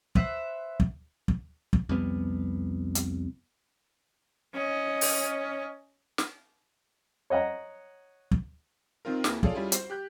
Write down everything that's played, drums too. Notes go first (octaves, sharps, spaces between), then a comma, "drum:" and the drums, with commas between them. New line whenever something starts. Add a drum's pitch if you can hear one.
B4 C5 E5 F#5, drum: kick
drum: kick
drum: kick
drum: kick
C2 F2 B3
drum: hi-hat
C#4 D#5
drum: open hi-hat
drum: snare
C#5 D#5 F#5 A#5
drum: kick
D#3 C4 F4 A#4
D#2 A#3 E4 F#4 G#4 B4, drum: snare
F4 G#4 A4 C#5 D5 F5, drum: kick
G3 C#4 E4 F4 G#4
F#4 C5, drum: hi-hat
G4 F#6 G6